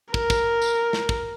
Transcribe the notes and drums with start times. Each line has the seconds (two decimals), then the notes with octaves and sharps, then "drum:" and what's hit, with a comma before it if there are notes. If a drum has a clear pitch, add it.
0.14 A#4, drum: kick
0.30 drum: kick, tambourine
0.62 drum: tambourine
0.93 drum: snare
1.09 drum: kick